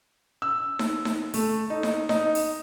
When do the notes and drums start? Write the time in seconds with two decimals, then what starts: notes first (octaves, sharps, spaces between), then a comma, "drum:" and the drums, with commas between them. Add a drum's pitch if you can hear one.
0.42 E6
0.79 drum: snare D#4
1.05 drum: snare D#4
1.34 A3, drum: open hi-hat
1.70 D#4
1.83 drum: snare D#4
2.09 D#4, drum: snare D#4
2.35 drum: open hi-hat